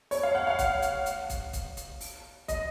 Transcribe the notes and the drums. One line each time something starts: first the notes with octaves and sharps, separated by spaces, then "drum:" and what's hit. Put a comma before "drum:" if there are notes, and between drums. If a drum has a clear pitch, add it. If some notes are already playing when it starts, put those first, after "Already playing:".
C#5, drum: open hi-hat
F5
F#5
F5
drum: kick, hi-hat
drum: hi-hat
drum: hi-hat
drum: kick, hi-hat
drum: kick, hi-hat
drum: hi-hat
drum: open hi-hat
D#5, drum: kick, hi-hat